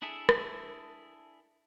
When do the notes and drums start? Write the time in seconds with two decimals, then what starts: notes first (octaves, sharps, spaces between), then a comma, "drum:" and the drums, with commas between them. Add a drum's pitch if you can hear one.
0.02 D4 E4 G#4 A4 E5
0.29 drum: rim click